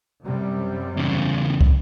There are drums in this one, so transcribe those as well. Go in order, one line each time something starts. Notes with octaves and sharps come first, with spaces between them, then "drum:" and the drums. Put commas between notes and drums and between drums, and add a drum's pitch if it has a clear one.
F#2 C3 G3
E2 C#3
drum: kick